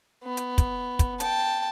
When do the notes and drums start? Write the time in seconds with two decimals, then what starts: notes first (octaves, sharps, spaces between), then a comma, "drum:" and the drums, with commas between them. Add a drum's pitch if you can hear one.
0.24 B3
0.37 drum: hi-hat
0.58 drum: kick, hi-hat
0.99 drum: kick, hi-hat
1.20 G5 A5, drum: hi-hat